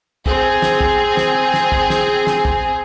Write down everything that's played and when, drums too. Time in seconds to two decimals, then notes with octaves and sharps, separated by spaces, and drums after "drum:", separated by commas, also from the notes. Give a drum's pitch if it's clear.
0.26 C4 G#4, drum: kick
0.62 drum: snare
0.81 drum: kick
1.17 drum: snare
1.54 drum: snare
1.72 drum: kick
1.90 drum: snare
2.27 drum: snare
2.45 drum: kick